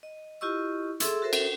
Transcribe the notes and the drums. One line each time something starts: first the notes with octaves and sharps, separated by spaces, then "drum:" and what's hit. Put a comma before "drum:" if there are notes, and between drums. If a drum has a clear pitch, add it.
D#5
E4 F4 G4 D#5 C#6 E6
G#4 A4 E5 C6 E6, drum: hi-hat
F#4 A4 A#4 C5 E5
drum: cymbal